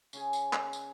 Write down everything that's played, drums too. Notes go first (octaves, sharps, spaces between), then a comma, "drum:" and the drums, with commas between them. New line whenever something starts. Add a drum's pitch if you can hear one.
C#3 C#4 G#4, drum: tambourine
drum: tambourine
drum: clap
drum: tambourine